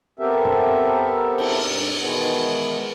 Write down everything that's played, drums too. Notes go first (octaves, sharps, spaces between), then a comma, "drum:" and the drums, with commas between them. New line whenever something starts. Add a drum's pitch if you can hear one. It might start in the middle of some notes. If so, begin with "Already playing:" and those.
B3 C4 G4 A4 A#4 E5
drum: tom F#2
drum: cymbal
G2
B2 D#3 E3 G#3 B3